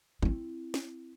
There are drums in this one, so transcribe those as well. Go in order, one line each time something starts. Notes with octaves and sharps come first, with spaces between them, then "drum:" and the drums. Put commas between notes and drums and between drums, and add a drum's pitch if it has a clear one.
C4 E4, drum: kick G#1
drum: snare